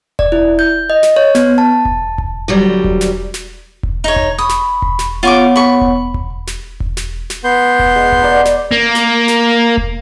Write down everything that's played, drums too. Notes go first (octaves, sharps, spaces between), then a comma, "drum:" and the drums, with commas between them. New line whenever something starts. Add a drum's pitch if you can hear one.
D5, drum: kick E1
E4
G6
D#5
drum: snare
C#5
B3, drum: snare
A5
drum: kick E1
drum: kick E1
D2 F#3 G3
drum: kick E1
drum: snare
drum: snare
drum: kick E1
D#4 C#5
drum: kick E1
B5 C#6 D#6
drum: snare
drum: kick E1
drum: snare
B3 F4 C#5 F#5 C#6 D6
B5 C#6
drum: kick E1
drum: kick E1
drum: snare
drum: kick E1
drum: snare
drum: snare
B3 C6 G6
drum: kick E1
G#3
drum: kick E1
D5 F#5 A#5
drum: snare
A#3
drum: snare
drum: snare
drum: kick E1